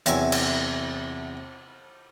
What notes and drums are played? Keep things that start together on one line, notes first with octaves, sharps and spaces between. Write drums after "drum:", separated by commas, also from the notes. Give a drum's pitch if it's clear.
E2 C3 F#3 E4 G#5, drum: hi-hat
drum: cymbal